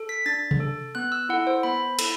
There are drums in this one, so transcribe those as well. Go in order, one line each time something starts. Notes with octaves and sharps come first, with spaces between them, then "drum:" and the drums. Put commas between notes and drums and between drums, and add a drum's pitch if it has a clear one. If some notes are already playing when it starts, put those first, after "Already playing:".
Already playing: A4
B6
D4 A6
drum: tom C3
A4
B3 F#6
E6
E4 A4 F#5
C5
B3 B5
E4 A4, drum: cymbal